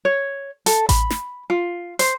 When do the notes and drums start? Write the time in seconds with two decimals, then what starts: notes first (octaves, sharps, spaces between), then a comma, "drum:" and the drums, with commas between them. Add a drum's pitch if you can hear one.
0.05 C#5
0.66 A4, drum: hi-hat
0.89 B5, drum: kick A1, hi-hat
1.10 drum: snare
1.50 F4
1.99 C5, drum: hi-hat